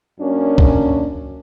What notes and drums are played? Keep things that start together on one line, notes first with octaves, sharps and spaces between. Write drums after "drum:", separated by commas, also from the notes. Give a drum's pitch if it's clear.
F#2 A#3 C#4 D4
drum: kick